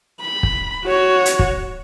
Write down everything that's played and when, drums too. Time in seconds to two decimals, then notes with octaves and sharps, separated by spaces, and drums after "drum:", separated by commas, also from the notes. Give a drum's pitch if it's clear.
0.21 B5
0.43 drum: kick
0.84 F#4 C#5
1.26 drum: hi-hat
1.39 drum: kick